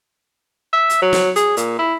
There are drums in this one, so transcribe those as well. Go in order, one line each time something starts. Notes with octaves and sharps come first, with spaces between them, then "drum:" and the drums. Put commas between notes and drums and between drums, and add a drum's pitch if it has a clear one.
E5
drum: hi-hat
F#3
drum: snare
G#4, drum: hi-hat
A#2, drum: hi-hat
E4